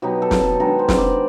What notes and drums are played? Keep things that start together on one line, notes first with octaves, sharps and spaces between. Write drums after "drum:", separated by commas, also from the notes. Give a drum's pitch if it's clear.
B2 F#3 B3 D#4 G4
A4
drum: snare
A4
D#3 G#3 B3 D4 A#4
C5
drum: snare
D5